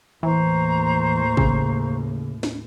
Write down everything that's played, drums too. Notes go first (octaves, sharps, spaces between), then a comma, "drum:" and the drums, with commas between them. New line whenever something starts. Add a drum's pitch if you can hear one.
D#2 A2 E3 C5 A#5 C#6
C#3, drum: kick
drum: snare